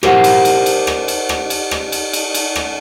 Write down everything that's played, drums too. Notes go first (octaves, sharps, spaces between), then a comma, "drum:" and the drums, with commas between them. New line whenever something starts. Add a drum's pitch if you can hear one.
G4 A#4 C5 F#5, drum: rim click
drum: cymbal
drum: cymbal
drum: cymbal
drum: rim click
drum: cymbal
drum: rim click
drum: cymbal
drum: rim click
drum: cymbal
drum: cymbal
drum: cymbal
drum: rim click